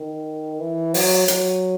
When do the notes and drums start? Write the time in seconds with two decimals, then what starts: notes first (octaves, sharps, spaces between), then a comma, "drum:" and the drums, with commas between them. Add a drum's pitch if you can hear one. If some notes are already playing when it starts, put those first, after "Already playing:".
Already playing: D#3
0.60 E3
0.94 F#3, drum: open hi-hat
1.28 F#3, drum: hi-hat